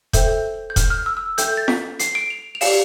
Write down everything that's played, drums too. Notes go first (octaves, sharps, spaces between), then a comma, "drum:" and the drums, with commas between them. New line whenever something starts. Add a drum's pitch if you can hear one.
A4 C5 E5 G5 G6, drum: kick E1, hi-hat
G6
F6, drum: kick E1, hi-hat
F6
E6
E6
A4 E5 G5 G6, drum: hi-hat
G6
A6
B6, drum: snare F4
C7, drum: hi-hat
D7
F7
F7
G4 D5 F5 E7, drum: open hi-hat